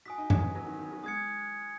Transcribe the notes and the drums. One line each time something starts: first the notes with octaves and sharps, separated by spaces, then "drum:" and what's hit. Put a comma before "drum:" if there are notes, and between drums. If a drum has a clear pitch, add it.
F#4 G#5 D#6 B6
D#4
C#4, drum: tom G2
B3
F#3
D#3
D#3
F#3
G#3 D#6 G#6 C#7